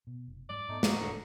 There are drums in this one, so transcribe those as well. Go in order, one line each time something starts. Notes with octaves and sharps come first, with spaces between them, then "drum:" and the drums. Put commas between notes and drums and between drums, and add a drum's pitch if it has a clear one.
B2
F1
G#2 G3 D5
G#2 A3 B3 D#4
F#4 A#5 D#6, drum: snare
F1 D#2 A2 D3